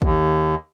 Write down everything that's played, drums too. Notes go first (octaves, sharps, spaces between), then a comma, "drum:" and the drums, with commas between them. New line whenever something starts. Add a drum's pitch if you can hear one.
D#2, drum: kick